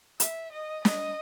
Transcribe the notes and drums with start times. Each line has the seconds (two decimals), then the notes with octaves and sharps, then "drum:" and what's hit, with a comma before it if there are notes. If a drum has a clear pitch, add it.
0.20 E5, drum: hi-hat
0.52 D#5
0.85 D#5, drum: snare